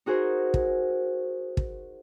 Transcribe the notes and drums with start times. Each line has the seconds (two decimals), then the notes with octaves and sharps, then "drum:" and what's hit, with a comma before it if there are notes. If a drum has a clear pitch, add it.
0.06 D#4 F#4 G#4 A#4 C5
0.54 drum: kick
1.57 drum: kick